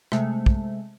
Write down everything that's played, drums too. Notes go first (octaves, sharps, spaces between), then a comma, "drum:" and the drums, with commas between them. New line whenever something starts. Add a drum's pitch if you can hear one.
C3 G#3 A3 E5, drum: rim click
drum: kick